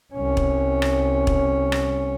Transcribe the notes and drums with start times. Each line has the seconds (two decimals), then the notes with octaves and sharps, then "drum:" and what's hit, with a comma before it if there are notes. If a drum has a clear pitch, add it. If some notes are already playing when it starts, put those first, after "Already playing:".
0.14 C2 C#4
0.37 drum: kick E1
0.82 drum: rim click
1.27 drum: kick E1
1.72 drum: rim click